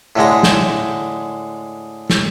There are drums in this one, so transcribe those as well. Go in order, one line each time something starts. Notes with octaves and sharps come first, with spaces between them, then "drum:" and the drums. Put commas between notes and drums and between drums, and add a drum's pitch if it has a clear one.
A2 D3 G#3 A#5
drum: snare
drum: snare